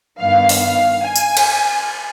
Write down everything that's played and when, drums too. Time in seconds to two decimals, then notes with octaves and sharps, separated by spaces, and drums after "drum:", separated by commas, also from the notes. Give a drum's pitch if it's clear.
0.18 G2 D#3 B3 F5
0.49 drum: open hi-hat
0.60 F5
1.02 G#5
1.16 drum: tambourine
1.37 drum: cymbal